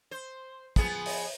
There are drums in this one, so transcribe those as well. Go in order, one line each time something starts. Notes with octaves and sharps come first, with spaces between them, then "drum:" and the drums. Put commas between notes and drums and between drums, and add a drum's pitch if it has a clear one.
C5
F3 B3 G#4, drum: kick, hi-hat
drum: open hi-hat